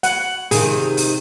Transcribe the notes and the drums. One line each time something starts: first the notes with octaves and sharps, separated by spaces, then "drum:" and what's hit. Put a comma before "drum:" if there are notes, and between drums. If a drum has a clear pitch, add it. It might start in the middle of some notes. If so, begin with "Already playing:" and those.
F#5, drum: hi-hat
C3 D#3 F4 G#4, drum: open hi-hat
drum: open hi-hat